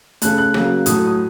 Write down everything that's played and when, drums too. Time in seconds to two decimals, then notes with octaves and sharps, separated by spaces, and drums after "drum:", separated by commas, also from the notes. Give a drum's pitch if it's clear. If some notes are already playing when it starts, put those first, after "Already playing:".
0.22 C#3 A3 F#6, drum: hi-hat
0.38 F#6
0.54 C#3 F#3 A#3 F#6, drum: rim click
0.86 A2 F#3 A3 D#6, drum: hi-hat
1.07 D#6